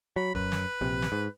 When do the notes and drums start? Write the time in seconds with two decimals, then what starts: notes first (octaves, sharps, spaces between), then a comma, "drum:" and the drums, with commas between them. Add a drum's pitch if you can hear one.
0.16 F#3 B5
0.35 F#2 B4, drum: kick E1
0.52 drum: snare
0.81 A#1 C3
1.02 drum: snare
1.12 G#2